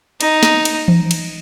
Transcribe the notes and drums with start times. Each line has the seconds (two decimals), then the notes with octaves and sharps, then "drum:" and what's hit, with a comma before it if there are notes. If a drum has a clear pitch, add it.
0.21 D#4, drum: cymbal
0.43 drum: snare
0.65 drum: cymbal
0.88 drum: tom E3
1.11 drum: cymbal